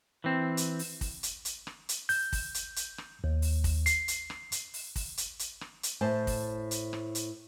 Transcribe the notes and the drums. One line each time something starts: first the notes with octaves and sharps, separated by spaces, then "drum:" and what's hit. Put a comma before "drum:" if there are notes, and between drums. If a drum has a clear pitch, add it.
E3 C4
drum: hi-hat
drum: open hi-hat
drum: kick, open hi-hat
drum: hi-hat
drum: hi-hat
drum: rim click
drum: hi-hat
G6, drum: open hi-hat
drum: kick, open hi-hat
drum: hi-hat
drum: hi-hat
drum: rim click
D#2
drum: open hi-hat
drum: kick, open hi-hat
C7, drum: hi-hat
drum: hi-hat
drum: rim click
drum: hi-hat
drum: open hi-hat
drum: kick, open hi-hat
drum: hi-hat
drum: hi-hat
drum: rim click
drum: hi-hat
A2 C5 A5
drum: kick, open hi-hat
drum: hi-hat
drum: rim click
drum: hi-hat